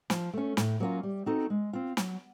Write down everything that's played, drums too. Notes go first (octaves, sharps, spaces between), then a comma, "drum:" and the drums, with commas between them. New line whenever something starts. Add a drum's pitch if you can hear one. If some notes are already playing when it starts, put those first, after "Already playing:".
F3, drum: snare
A3 C#4
A2, drum: snare
F#3 A#3 C#4 F4
G3
C4 D#4 F#4 A4
G#3
C4 F4
F#3, drum: snare